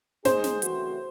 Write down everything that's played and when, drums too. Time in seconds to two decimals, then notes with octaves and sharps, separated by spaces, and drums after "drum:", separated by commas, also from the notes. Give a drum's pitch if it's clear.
0.25 G#3 D#4 G#4 C5, drum: snare
0.44 drum: snare
0.62 C#3 E3 A3 C4 F#4, drum: hi-hat